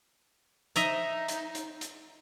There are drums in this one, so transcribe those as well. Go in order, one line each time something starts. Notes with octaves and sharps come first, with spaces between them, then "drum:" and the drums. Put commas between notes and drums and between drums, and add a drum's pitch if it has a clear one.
D#4 D#5 E5 A#5, drum: hi-hat
drum: hi-hat
drum: hi-hat
drum: hi-hat